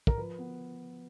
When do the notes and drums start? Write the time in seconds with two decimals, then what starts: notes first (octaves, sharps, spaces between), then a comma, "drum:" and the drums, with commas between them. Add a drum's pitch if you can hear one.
0.07 A#4, drum: kick
0.17 F3 B4
0.38 B3